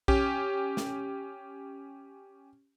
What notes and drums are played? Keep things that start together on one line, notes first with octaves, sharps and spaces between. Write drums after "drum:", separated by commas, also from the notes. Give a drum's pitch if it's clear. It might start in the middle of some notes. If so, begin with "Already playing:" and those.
C#4 G4, drum: kick A#1
drum: snare